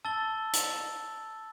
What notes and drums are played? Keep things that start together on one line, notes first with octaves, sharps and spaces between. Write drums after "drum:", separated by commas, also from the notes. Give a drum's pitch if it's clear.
A5 E6 A6 G7
drum: hi-hat